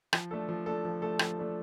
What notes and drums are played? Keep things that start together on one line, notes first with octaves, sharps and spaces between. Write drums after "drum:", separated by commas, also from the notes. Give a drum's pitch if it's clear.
F3, drum: rim click
A3 D4 A4
F3
A3 D4 A4
F3
A3 D4 A4
F3, drum: rim click
A3 D4 A4